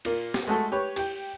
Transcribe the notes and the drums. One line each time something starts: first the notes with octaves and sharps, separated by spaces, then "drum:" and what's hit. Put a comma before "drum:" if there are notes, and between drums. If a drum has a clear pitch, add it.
A#2 A#3, drum: cymbal
drum: snare
G#3 A3 F#4 A4
G4 B4 C#5
G4 G5, drum: cymbal